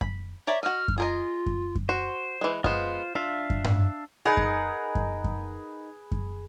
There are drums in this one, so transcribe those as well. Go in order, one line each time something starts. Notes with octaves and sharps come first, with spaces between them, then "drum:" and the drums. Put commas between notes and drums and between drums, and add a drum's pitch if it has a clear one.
B5, drum: kick F#2
A#4 C#5 D5 E5
F#4 D#5 F6
drum: kick F#2
F4 G#4 A#4 D#5
drum: kick F#2
drum: kick F#2
F#4 C5
E3 G#3
G#3 B3 F4 C5, drum: kick F#2
D4 F4 E5 F5
drum: kick F#2
drum: tom G2
D#4 G#4 A#4 B4 F#5
drum: kick F#2
drum: kick F#2
drum: kick F#2
drum: kick F#2